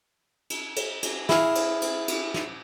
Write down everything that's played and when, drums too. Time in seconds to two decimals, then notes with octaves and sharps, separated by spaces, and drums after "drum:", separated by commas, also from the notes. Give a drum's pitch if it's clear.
0.50 drum: cymbal
0.76 drum: cymbal
1.03 drum: cymbal
1.29 E4 G#4 F5, drum: snare
1.55 drum: cymbal
1.82 drum: cymbal
2.08 drum: cymbal
2.34 drum: snare